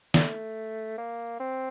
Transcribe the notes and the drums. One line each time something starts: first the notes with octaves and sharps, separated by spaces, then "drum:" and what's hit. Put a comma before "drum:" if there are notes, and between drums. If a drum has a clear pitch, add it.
A3, drum: snare
A#3
C4